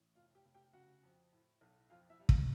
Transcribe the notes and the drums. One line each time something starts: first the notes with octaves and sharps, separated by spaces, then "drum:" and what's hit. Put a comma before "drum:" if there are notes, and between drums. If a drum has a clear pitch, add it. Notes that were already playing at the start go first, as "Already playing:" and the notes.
Already playing: A1
F1 F4 F5
G4 G5
F1
G4 G5
C#3 F#4 F#5
F2
A2
B1
F2 F4 F5
E4 E5
G3
F4 F5, drum: kick